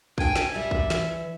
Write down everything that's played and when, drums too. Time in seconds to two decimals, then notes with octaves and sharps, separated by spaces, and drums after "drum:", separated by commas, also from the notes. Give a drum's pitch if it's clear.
0.18 D3 D4 G5 G#5, drum: kick
0.36 drum: snare
0.54 G3 D5 E5 G#5
0.71 drum: kick
0.90 E3, drum: snare